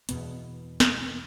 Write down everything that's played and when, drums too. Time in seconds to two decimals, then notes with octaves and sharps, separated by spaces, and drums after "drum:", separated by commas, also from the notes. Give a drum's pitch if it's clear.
0.09 E2 B2 B3, drum: hi-hat
0.80 drum: snare